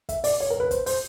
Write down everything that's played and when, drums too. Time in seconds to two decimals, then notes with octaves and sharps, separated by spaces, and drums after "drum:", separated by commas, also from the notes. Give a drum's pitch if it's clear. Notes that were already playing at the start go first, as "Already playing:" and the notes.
0.09 E5, drum: kick, hi-hat
0.24 D5, drum: open hi-hat
0.40 C#5
0.50 A#4
0.60 B4
0.71 C5, drum: kick, hi-hat
0.86 C5, drum: open hi-hat